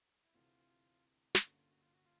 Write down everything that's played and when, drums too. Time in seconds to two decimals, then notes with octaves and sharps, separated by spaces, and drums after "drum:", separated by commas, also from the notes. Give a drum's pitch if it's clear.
0.23 E4
0.34 D2 C3 E3 A3 F4
1.35 G2 D3 G3 A#3 C#4 F4, drum: snare
1.46 F#4
1.58 F4
1.70 F#4
1.81 F4
1.93 F#4
2.04 F4